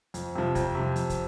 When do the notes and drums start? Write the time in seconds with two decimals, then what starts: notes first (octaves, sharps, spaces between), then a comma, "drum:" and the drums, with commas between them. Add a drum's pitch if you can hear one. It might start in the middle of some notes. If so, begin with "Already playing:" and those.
0.14 F2, drum: hi-hat
0.35 C3 F3
0.55 F2, drum: kick, hi-hat
0.75 C3 F3
0.96 F2, drum: hi-hat
1.10 drum: kick, hi-hat